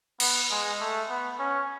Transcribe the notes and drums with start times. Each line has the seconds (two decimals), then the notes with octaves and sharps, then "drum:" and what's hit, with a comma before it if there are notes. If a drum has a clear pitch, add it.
0.20 B3, drum: cymbal
0.51 G#3
0.80 A3
1.09 B3
1.40 C#4